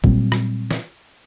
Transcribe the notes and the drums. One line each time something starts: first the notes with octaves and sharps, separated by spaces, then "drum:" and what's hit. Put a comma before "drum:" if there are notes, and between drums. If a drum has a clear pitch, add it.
A#2 F#3 G3 C4, drum: kick
drum: rim click
drum: snare